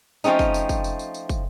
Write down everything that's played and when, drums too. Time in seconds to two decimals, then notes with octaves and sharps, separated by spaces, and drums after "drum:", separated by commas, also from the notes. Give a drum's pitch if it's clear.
0.24 F3 A3 C4 C#4 D#4, drum: tambourine
0.39 drum: kick, tambourine
0.54 drum: tambourine
0.69 drum: kick, tambourine
0.84 drum: tambourine
0.99 drum: tambourine
1.14 drum: tambourine
1.29 drum: kick, tambourine